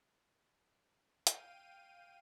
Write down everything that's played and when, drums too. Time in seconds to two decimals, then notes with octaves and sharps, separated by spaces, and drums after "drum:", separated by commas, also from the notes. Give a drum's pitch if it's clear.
1.27 F5 G5 D#7, drum: hi-hat